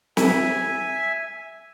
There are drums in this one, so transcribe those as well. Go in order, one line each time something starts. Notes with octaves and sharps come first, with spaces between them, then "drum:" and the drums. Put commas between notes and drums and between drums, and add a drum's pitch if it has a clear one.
E5 G#5, drum: snare